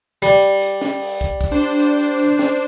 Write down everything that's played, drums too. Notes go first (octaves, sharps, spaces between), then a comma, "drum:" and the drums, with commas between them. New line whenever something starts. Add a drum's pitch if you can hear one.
G3, drum: hi-hat
drum: hi-hat
drum: hi-hat
drum: snare
drum: open hi-hat
drum: kick, hi-hat
drum: kick, hi-hat
D4 C5
drum: hi-hat
drum: hi-hat
drum: hi-hat
drum: snare